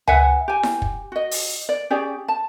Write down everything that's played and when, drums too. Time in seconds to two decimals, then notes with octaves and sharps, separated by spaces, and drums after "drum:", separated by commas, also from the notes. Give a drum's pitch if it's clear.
0.08 B4 E5 F#5 G#5, drum: tom C#2
0.48 G4 G#5
0.63 drum: snare E4
0.82 drum: kick
1.12 F#4 D#5
1.31 drum: open hi-hat
1.69 D5
1.90 C#4 G4 G#4 D5
2.28 A5